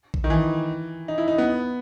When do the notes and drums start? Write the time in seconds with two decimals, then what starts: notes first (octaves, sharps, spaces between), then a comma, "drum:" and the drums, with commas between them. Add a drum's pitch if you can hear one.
0.14 drum: kick A#1
0.24 D#3
0.30 E3
1.08 D#4
1.18 E4
1.28 D#4
1.38 B3